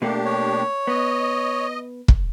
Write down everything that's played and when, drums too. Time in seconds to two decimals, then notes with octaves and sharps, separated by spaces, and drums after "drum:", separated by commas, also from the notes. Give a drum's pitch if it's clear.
0.02 B2 A3 A#3 D4 G4
0.25 C#5
0.87 B3 D#5
2.08 drum: kick